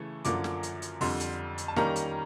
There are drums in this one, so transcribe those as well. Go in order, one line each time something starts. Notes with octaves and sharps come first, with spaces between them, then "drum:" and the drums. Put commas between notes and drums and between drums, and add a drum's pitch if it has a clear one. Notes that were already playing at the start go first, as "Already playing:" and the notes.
Already playing: C#3 E3 A3
F#2 D3 F3 A#3 D6, drum: hi-hat
drum: snare
drum: hi-hat
drum: hi-hat
F2 D3 G3 C6, drum: open hi-hat
drum: hi-hat
drum: hi-hat
A5
D#3 G3 A#3 C#4 A#5, drum: snare
drum: hi-hat